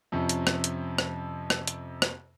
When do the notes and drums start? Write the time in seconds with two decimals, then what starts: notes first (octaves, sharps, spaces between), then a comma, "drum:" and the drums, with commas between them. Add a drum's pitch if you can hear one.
0.12 F2 C3 C#4
0.29 drum: hi-hat
0.47 drum: rim click
0.64 drum: hi-hat
0.98 drum: rim click
1.50 drum: rim click
1.67 drum: hi-hat
2.02 drum: rim click